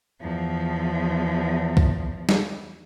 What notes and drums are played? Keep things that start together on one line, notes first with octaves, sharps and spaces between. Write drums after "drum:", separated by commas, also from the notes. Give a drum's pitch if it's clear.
E2 F3
drum: kick
drum: snare